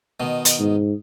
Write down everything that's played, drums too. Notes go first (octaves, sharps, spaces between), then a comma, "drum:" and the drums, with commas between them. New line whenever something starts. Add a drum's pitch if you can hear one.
B2 D#3
drum: hi-hat
G#2